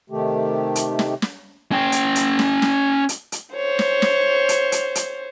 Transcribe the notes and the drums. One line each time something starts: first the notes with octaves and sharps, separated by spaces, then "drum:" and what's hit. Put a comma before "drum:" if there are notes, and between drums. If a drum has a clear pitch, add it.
C3 D#3 A3 G4
drum: hi-hat
drum: snare
drum: snare
C#4 G5
drum: hi-hat
drum: hi-hat
drum: snare
drum: snare
drum: hi-hat
drum: hi-hat
C5 C#5
drum: snare
drum: snare
drum: hi-hat
drum: hi-hat
drum: hi-hat